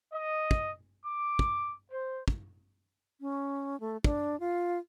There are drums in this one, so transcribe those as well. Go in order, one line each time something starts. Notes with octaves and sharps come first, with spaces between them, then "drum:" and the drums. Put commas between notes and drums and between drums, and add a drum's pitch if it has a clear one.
D#5
drum: kick
D6
drum: kick
C5
drum: kick
C#4
A3
D4, drum: kick
F4